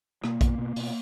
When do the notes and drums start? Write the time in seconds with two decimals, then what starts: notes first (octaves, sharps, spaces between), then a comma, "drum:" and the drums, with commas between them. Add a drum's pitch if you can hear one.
0.24 B2 A#3, drum: rim click
0.41 B2, drum: kick A#1, hi-hat
0.58 B2
0.76 B2, drum: open hi-hat